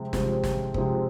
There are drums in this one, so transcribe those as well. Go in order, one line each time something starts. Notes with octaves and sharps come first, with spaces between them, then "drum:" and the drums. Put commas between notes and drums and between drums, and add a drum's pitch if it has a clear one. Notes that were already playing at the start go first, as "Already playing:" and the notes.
Already playing: C3 F3 G#3 C4
C3 F3 G#3 C4, drum: snare
drum: snare
C3 F3 G#3 C4, drum: kick